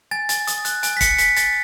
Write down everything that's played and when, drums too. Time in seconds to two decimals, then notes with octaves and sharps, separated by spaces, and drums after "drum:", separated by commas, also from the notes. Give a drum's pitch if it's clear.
0.11 G#5 A6
0.29 G#5 A6, drum: hi-hat
0.47 D#6, drum: hi-hat
0.65 F#6, drum: hi-hat
0.83 G#5, drum: hi-hat
0.97 B6
1.01 G#5 C#7, drum: kick, hi-hat
1.18 G#5 B6, drum: hi-hat
1.36 G#5 A6, drum: hi-hat